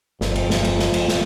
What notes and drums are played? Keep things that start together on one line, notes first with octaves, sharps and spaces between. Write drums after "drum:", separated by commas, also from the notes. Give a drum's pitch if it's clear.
G1 F2, drum: snare
drum: cymbal
drum: snare
drum: cymbal
drum: snare
drum: cymbal
drum: snare